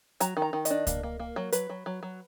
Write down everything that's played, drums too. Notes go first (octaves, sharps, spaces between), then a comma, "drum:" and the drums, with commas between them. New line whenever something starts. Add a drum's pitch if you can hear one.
F#3 A#5, drum: hi-hat
D#3
A#5
D#3
D#5, drum: hi-hat
D4
A#3, drum: kick C#2, hi-hat
A#3
A#3
F#3
F#3 B4, drum: hi-hat
F#3
F#3
F#3